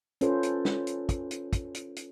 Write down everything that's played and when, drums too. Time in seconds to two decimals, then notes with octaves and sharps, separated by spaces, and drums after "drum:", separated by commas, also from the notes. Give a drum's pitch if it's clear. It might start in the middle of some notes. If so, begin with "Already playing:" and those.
0.21 C#4 F4 A4 B4 C5, drum: hi-hat
0.43 drum: hi-hat
0.65 drum: snare
0.87 drum: hi-hat
1.09 drum: kick, hi-hat
1.31 drum: hi-hat
1.53 drum: kick, hi-hat
1.75 drum: hi-hat
1.96 drum: hi-hat